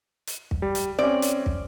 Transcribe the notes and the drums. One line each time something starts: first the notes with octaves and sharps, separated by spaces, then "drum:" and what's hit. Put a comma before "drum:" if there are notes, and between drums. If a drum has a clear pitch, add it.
drum: hi-hat
drum: kick
G3
drum: hi-hat
C4 C#4 D5
drum: hi-hat
drum: kick